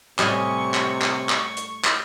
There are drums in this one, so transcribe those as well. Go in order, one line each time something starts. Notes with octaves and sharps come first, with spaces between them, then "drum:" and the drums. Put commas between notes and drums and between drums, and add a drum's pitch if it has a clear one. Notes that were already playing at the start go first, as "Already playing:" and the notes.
A2 C3 G3 C#4 D#5 G#5 C#6, drum: clap
drum: clap
drum: clap
drum: clap
drum: hi-hat
drum: clap